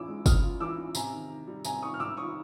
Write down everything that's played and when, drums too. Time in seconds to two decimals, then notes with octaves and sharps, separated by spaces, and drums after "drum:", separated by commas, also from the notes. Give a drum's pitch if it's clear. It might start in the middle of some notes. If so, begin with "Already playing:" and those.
Already playing: E3 C#4 D6 E6
0.08 G#3
0.26 C#4 D#6 F6, drum: kick F#1, tambourine
0.43 F4
0.60 E3 D6 E6
0.78 C#4
0.95 C3 G#5 A#5, drum: tambourine
1.13 D#3
1.29 D#3
1.47 G3
1.65 C3 G#5 A#5, drum: tambourine
1.82 D#3 C#6 D#6
1.94 F6
2.00 C3 D6 E6
2.17 D#3 C#6 D#6